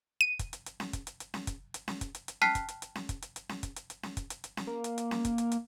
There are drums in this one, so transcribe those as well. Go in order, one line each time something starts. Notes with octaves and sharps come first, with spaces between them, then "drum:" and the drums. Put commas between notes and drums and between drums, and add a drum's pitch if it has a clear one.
D#7
drum: kick, hi-hat
drum: hi-hat
drum: hi-hat
drum: snare C#4
drum: kick, hi-hat
drum: hi-hat
drum: hi-hat
drum: snare C#4
drum: kick, hi-hat
drum: hi-hat
drum: snare C#4
drum: kick, hi-hat
drum: hi-hat
drum: hi-hat
G5 A5 F6 F#6 B6 C7, drum: snare C#4
drum: kick, hi-hat
drum: hi-hat
drum: hi-hat
drum: snare C#4
drum: kick, hi-hat
drum: hi-hat
drum: hi-hat
drum: snare C#4
drum: kick, hi-hat
drum: hi-hat
drum: hi-hat
drum: snare C#4
drum: kick, hi-hat
drum: hi-hat
drum: hi-hat
drum: snare C#4
A#3
drum: hi-hat
drum: hi-hat
drum: snare C#4
drum: kick, hi-hat
drum: hi-hat
drum: hi-hat